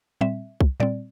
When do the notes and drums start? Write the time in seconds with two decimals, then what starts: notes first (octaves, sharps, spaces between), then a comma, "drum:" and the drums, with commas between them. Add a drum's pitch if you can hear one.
0.21 A#2 G3 C4 E5
0.61 drum: kick
0.80 A#2 G3 C4 D5